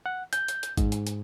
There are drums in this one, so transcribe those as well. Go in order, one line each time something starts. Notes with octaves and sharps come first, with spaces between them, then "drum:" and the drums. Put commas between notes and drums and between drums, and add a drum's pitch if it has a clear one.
F#5
G6, drum: hi-hat
drum: hi-hat
drum: hi-hat
G#2, drum: kick G#1, hi-hat
drum: hi-hat
drum: hi-hat